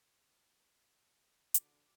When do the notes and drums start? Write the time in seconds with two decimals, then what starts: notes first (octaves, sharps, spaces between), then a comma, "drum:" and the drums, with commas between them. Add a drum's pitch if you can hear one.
1.54 D3 F#4 D6, drum: hi-hat